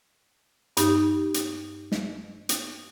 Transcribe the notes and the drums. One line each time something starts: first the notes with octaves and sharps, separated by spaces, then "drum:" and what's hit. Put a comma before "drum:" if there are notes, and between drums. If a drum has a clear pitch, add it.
G2 D#4 G4, drum: hi-hat
drum: hi-hat
drum: snare
drum: hi-hat